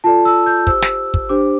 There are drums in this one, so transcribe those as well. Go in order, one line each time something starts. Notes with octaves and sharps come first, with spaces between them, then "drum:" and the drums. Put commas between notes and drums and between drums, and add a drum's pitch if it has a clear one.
F4 A4 D5 A5
E6
G6
G4 C5 E6, drum: kick
drum: snare
drum: kick
D4 G4 C5 D6